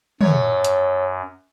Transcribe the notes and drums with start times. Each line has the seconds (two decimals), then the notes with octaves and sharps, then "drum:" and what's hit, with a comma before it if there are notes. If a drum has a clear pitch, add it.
0.21 F#2 A3 C#5, drum: tom
0.64 drum: hi-hat